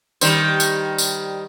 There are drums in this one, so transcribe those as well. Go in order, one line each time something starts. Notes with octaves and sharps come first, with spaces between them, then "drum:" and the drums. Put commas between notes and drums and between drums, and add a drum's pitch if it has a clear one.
D#3 G3 C5, drum: tambourine
drum: tambourine
drum: tambourine